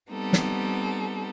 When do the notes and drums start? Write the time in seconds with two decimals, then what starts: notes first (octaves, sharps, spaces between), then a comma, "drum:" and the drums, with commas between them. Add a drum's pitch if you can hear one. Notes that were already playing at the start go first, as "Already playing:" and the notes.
0.10 G3 B3 C4 D#4 A4
0.33 drum: snare